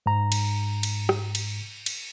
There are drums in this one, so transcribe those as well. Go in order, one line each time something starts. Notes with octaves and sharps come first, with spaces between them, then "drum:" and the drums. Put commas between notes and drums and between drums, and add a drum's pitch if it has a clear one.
G#2 A#5
drum: cymbal
drum: cymbal
drum: rim click
drum: cymbal
drum: cymbal